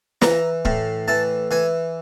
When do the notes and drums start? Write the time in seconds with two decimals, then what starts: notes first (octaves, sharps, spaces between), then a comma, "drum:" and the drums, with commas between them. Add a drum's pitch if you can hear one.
0.22 E3 A#5, drum: snare
0.65 A2, drum: kick
1.08 E3 A5
1.51 E3 G#5